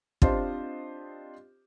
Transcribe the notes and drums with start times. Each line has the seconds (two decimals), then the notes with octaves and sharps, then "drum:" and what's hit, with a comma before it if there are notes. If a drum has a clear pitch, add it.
0.22 C4 D4 F4 G4 C5 D#5, drum: kick